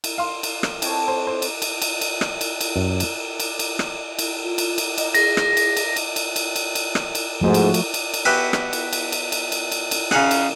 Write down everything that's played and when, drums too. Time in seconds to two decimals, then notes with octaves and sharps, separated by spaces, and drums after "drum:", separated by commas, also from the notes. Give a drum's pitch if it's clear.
0.04 drum: cymbal
0.18 F5 C6
0.43 drum: cymbal
0.63 drum: rim click
0.82 C4 A4 C#5, drum: cymbal
1.08 C5
1.27 C5
1.42 drum: cymbal
1.62 drum: cymbal
1.82 drum: cymbal
2.01 drum: cymbal
2.21 drum: rim click
2.41 drum: cymbal
2.61 drum: cymbal
2.76 F#2
3.00 drum: cymbal
3.40 drum: cymbal
3.59 drum: cymbal
3.79 drum: rim click
4.19 drum: cymbal
4.44 F4
4.58 drum: cymbal
4.78 drum: cymbal
4.98 D#5, drum: cymbal
5.14 G#4 A#6, drum: cymbal
5.37 drum: rim click
5.57 drum: cymbal
5.77 drum: cymbal
5.96 drum: cymbal
6.16 drum: cymbal
6.36 drum: cymbal
6.56 drum: cymbal
6.75 drum: cymbal
6.95 drum: rim click
7.15 drum: cymbal
7.41 G#2 F3 A3 F#4
7.54 drum: cymbal
7.74 drum: cymbal
7.94 drum: cymbal
8.14 drum: cymbal
8.25 B3 F#4 G4 B4 E5 G#5
8.53 drum: rim click
8.73 drum: cymbal
8.93 drum: cymbal
9.12 drum: cymbal
9.32 drum: cymbal
9.52 drum: cymbal
9.72 drum: cymbal
9.91 drum: cymbal
10.11 C#3 D#4 G#4 F#5, drum: rim click
10.31 drum: cymbal